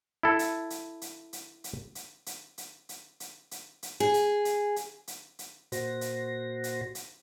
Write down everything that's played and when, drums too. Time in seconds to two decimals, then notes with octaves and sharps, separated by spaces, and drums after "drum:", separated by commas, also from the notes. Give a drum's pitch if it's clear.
0.23 E4 A4
0.39 drum: hi-hat
0.70 drum: hi-hat
1.02 drum: hi-hat
1.33 drum: hi-hat
1.64 drum: hi-hat
1.95 drum: hi-hat
2.26 drum: hi-hat
2.58 drum: hi-hat
2.89 drum: hi-hat
3.20 drum: hi-hat
3.51 drum: hi-hat
3.83 drum: hi-hat
4.00 G#4
4.14 drum: hi-hat
4.45 drum: hi-hat
4.76 drum: hi-hat
5.07 drum: hi-hat
5.39 drum: hi-hat
5.72 A#2 F#4 C5 A#6, drum: hi-hat
6.01 drum: hi-hat
6.64 drum: hi-hat
6.95 drum: hi-hat